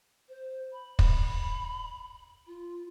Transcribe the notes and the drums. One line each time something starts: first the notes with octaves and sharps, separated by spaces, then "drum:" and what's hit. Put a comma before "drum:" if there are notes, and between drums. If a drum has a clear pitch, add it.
C5
B5
B5, drum: kick
F4